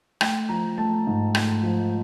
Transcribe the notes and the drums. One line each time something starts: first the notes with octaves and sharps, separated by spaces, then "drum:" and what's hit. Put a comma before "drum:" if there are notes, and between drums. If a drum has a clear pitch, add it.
A3 G5, drum: rim click
F3 A#5
A3 A5
G#2
A3, drum: rim click
F3